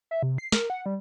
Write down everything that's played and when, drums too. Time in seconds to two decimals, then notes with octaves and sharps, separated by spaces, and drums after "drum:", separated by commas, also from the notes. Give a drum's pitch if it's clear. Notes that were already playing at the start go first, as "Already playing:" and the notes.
0.11 E5
0.23 C3
0.38 C7
0.52 A#4, drum: snare
0.70 F#5
0.86 G3